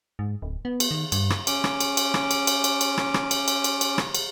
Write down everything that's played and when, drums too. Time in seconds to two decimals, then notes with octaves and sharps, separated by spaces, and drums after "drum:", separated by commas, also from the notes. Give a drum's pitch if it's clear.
0.19 G#2
0.42 D1
0.65 B3
0.80 drum: cymbal
0.91 D#3
1.12 G2, drum: cymbal
1.30 drum: rim click
1.47 C#4 D6, drum: cymbal
1.64 drum: rim click
1.81 drum: cymbal
1.97 drum: cymbal
2.14 drum: rim click
2.31 drum: cymbal
2.47 drum: cymbal
2.64 drum: cymbal
2.81 drum: cymbal
2.98 drum: rim click
3.14 drum: rim click
3.31 drum: cymbal
3.48 drum: cymbal
3.64 drum: cymbal
3.81 drum: cymbal
3.98 drum: rim click
4.15 drum: cymbal